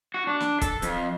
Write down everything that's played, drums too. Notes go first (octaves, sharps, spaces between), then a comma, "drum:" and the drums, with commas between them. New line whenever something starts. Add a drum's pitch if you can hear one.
F#4
D4
drum: snare
A4, drum: kick, hi-hat
F2, drum: hi-hat